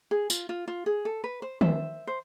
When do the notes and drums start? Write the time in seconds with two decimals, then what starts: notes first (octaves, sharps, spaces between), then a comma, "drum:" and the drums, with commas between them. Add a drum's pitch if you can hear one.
0.11 G#4
0.30 F4, drum: tambourine
0.49 F4
0.68 F4
0.86 G#4
1.05 A4
1.24 B4
1.42 C5
1.61 C5 E5, drum: tom D#3
2.07 C5